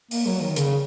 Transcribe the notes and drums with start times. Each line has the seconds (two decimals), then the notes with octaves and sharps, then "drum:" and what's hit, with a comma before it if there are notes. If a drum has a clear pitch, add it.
0.11 A#3, drum: open hi-hat
0.26 F#3
0.41 D#3
0.56 C#3, drum: hi-hat